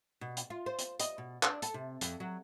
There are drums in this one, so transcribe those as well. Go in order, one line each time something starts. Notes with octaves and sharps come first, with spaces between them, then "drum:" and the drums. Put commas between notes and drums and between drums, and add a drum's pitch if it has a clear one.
B2
drum: hi-hat
F4
C5
drum: hi-hat
D#5, drum: hi-hat
B2
D4, drum: clap
A4, drum: hi-hat
C3
F2, drum: hi-hat
F#3